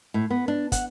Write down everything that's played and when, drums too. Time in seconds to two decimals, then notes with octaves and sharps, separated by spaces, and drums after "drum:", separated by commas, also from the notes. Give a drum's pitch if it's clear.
0.14 A2
0.30 B3
0.48 D4
0.72 F#5, drum: kick, hi-hat